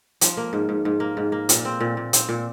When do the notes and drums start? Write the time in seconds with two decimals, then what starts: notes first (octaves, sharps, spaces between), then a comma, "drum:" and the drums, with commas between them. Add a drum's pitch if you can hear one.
0.21 F3, drum: hi-hat
0.37 A#3
0.53 G#2
0.69 G#2
0.85 G#2
1.00 A#3
1.17 G#2
1.32 A#3
1.49 A#2, drum: hi-hat
1.65 C4
1.81 A#2
1.97 A#2
2.13 C4, drum: hi-hat
2.29 A#2